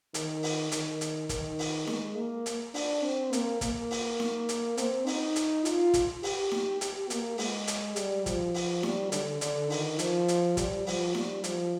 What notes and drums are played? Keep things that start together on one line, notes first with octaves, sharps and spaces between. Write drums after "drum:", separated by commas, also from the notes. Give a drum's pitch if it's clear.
D#3, drum: hi-hat
drum: open hi-hat
D#3, drum: hi-hat
drum: hi-hat
D#3, drum: kick, hi-hat
drum: open hi-hat
G#3, drum: snare D#4
A#3
drum: hi-hat
D4, drum: open hi-hat
C4
A#3, drum: hi-hat
A#3, drum: kick, hi-hat
drum: open hi-hat
drum: snare D#4
drum: hi-hat
C4, drum: hi-hat
D#4, drum: open hi-hat
drum: hi-hat
F4, drum: hi-hat
drum: kick, hi-hat
G4, drum: open hi-hat
drum: snare D#4
G4, drum: hi-hat
A#3, drum: hi-hat
G#3, drum: open hi-hat
drum: hi-hat
G3, drum: hi-hat
F3, drum: kick, hi-hat
drum: open hi-hat
G3, drum: snare D#4
D3, drum: hi-hat
D3, drum: hi-hat
D#3, drum: open hi-hat
F3, drum: hi-hat
drum: hi-hat
G3, drum: kick, hi-hat
F3, drum: open hi-hat
G3, drum: snare D#4
F3, drum: hi-hat